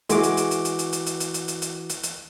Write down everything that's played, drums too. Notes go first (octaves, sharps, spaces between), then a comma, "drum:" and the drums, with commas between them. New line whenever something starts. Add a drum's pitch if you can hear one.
E3 G#3 F#4 D6, drum: hi-hat
drum: hi-hat
drum: hi-hat
drum: hi-hat
drum: hi-hat
drum: hi-hat
drum: hi-hat
drum: hi-hat
drum: hi-hat
drum: hi-hat
drum: hi-hat
drum: hi-hat
drum: hi-hat
drum: hi-hat